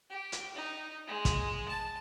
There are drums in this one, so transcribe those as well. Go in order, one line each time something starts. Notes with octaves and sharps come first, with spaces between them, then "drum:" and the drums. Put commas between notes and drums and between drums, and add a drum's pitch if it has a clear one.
G4
drum: hi-hat
D#4
G#3
drum: kick, hi-hat
A5